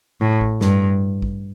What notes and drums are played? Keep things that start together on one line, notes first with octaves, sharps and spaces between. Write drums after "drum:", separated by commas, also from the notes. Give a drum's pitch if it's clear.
A2
drum: kick A1
G2, drum: snare
drum: kick A1